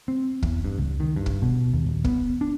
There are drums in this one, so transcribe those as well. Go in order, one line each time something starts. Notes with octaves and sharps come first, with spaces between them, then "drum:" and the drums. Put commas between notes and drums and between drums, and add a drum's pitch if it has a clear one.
C4
E2, drum: kick
G2
C#2
D#3
G2
drum: kick
B2
D#2
D#1
B3, drum: kick
D4